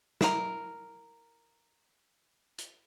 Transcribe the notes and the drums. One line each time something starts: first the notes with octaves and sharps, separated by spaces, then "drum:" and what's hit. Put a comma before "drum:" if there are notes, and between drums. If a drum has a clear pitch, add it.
E4 A#4, drum: snare
drum: hi-hat